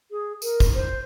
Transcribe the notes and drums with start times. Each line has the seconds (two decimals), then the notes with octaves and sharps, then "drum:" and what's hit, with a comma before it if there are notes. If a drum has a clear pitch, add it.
0.10 G#4
0.42 A#4, drum: tambourine
0.60 drum: kick, tambourine
0.74 C5